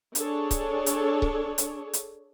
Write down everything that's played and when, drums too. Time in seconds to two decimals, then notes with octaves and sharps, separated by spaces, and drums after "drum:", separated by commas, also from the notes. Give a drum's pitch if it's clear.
0.15 D4 G#4 A4 C#5, drum: hi-hat
0.51 drum: kick C#1, hi-hat
0.86 drum: hi-hat
1.22 drum: kick C#1
1.58 drum: hi-hat
1.93 drum: hi-hat